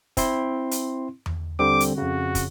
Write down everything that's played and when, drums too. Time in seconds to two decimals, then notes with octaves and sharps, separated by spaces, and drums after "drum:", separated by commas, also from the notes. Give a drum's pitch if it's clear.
0.17 C4 E4 C6, drum: kick, hi-hat
0.71 drum: hi-hat
1.26 drum: tom E2
1.59 D3 G3 C4 D6
1.80 drum: hi-hat
1.98 F2 C#3 F#4
2.35 drum: kick, hi-hat